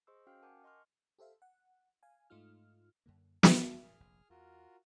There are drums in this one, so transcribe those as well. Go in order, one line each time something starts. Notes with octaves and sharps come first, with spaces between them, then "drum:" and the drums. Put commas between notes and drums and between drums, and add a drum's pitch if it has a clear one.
G#4 C5 D#5 C6 C#6 E6
C#4 F#4 F5 G5 F6
A#4 F#5 G#5 A5 D6 G6
D#5 C6 C#6 F6
G4 A4 C5 E5 F5
F#5
F5 G#5
G#2 A3 D#4 F4 F6
F#2 D3 A#3
E2 A5, drum: snare
A#2 G#4 F6
F1 A#1 F2
E2 F4 F#4 A#4